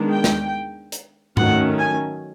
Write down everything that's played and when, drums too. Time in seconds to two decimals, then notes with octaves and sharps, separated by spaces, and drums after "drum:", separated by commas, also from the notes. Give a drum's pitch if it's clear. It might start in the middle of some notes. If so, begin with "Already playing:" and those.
Already playing: D#3 G#3 B3 D4
0.12 G5
0.24 drum: snare
0.92 drum: hi-hat
1.37 D#3 F#3 A3 C#4 F#5, drum: tom
1.78 G#5